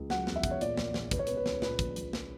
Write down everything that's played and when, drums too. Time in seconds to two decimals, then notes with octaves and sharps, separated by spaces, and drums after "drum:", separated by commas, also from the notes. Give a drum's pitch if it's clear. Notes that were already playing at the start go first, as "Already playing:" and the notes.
Already playing: C#2
0.10 F#3 F#5, drum: snare
0.27 E2, drum: snare
0.36 E5
0.44 E2, drum: kick, hi-hat
0.51 C#5
0.61 A#2 D5, drum: hi-hat
0.77 A#1, drum: snare
0.94 A#1, drum: snare
1.11 C#2 B4, drum: kick, hi-hat
1.19 C#5
1.27 B2 B4, drum: hi-hat
1.37 B4
1.46 C#2, drum: snare
1.62 A#2 B4, drum: snare
1.79 A#1, drum: kick, hi-hat
1.96 A#1, drum: hi-hat
2.13 drum: snare